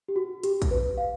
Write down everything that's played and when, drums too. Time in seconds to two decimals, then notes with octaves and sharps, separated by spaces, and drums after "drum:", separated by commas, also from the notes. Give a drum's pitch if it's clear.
0.08 G4
0.16 F#4
0.43 G4, drum: hi-hat
0.62 drum: kick, hi-hat
0.71 B4
0.98 F5